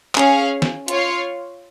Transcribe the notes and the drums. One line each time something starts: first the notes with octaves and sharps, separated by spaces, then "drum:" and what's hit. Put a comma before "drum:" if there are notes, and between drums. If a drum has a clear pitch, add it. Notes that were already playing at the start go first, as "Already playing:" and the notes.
C#4 G#4 F5, drum: clap
drum: snare
F4 C#5 F5, drum: hi-hat